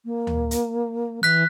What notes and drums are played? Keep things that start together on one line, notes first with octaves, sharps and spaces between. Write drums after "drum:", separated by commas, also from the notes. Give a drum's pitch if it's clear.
A#3
drum: tom D2
drum: hi-hat
E3 F#6 B6